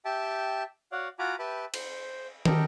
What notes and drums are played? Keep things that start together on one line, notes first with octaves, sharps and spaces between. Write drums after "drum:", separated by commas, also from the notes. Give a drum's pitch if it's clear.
G4 E5 G5 A5
F#4 C#5 D5 F5 F#5
F4 F#4 G#5 A#5 B5 D6
G4 B4 E5 G5 A5 B5
C5, drum: cymbal
G4 A4 A#4 D#5 G5, drum: tom